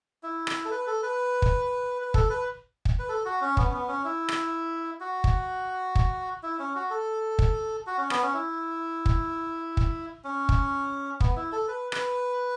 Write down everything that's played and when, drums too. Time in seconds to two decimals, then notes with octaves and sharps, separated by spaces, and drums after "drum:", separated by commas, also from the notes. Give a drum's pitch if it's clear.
0.23 E4
0.47 drum: rim click
0.65 A4
0.71 B4
0.87 A4
1.03 B4
1.42 drum: kick
2.02 B4
2.14 A4, drum: kick
2.30 B4
2.85 drum: kick
2.99 B4
3.09 A4
3.25 F#4
3.41 C#4
3.57 B3, drum: kick
3.66 C#4
3.73 B3
3.88 C#4
4.05 E4
4.29 drum: rim click
5.01 F#4
5.24 drum: kick
5.95 drum: kick
6.43 E4
6.59 C#4
6.75 F#4
6.91 A4
7.39 drum: kick
7.87 F#4
7.98 C#4
8.10 B3, drum: rim click
8.22 C#4
8.34 E4
9.06 drum: kick
9.77 drum: kick
10.24 C#4
10.49 drum: kick
11.20 B3, drum: kick
11.36 E4
11.52 A4
11.68 B4
11.92 B4, drum: rim click